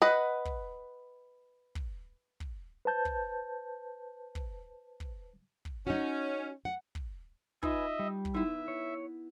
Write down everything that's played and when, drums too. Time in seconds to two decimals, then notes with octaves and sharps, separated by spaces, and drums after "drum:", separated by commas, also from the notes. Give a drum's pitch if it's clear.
0.02 B4 D#5 F#5
0.45 drum: kick
1.75 drum: kick
2.40 drum: kick
2.85 B4 C5 A5 G6
3.05 drum: kick
4.35 drum: kick
5.00 drum: kick
5.65 drum: kick
5.87 C#4 D#4 F#4
6.65 F#5
6.95 drum: kick
7.63 D#4 F4 B4 D#5 E5 G#5, drum: kick
7.99 G3
8.25 drum: kick
8.35 B3 D#4 E4 E5
8.68 C#5